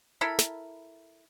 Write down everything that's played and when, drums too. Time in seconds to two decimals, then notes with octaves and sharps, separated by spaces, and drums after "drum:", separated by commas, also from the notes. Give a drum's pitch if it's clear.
0.21 E4 A4 A#4 B5
0.39 drum: snare